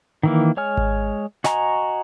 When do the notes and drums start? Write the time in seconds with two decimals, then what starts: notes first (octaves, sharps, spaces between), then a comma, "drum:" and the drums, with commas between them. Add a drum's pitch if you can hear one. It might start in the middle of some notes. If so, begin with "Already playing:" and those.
0.23 D#3 E3 A#3
0.57 G#3 C#5 G#5 F6
0.77 drum: kick G#1
1.44 F#4 D#5 G#5 A#5 C#6, drum: snare